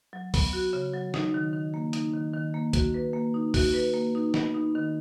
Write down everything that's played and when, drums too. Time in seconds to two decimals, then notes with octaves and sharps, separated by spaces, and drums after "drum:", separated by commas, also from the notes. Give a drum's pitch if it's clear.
0.13 F#3
0.34 B3, drum: kick C2, open hi-hat
0.53 F#4
0.73 C#3
0.94 F#3
1.14 D#4, drum: snare
1.34 D#3
1.53 D#3
1.74 A#3
1.93 D#4, drum: hi-hat
2.13 D#3
2.34 D#3
2.54 A#3
2.73 F#4, drum: kick C2, hi-hat
2.94 B4
3.14 A#3
3.34 D#4
3.54 F#4, drum: kick C2, open hi-hat
3.74 B4
3.94 A#3
4.15 D#4
4.34 B3, drum: snare
4.54 D#4
4.75 D#3